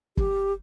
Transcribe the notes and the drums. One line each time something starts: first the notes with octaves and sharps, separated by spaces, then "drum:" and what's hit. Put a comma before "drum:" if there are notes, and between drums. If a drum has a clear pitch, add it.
G4, drum: kick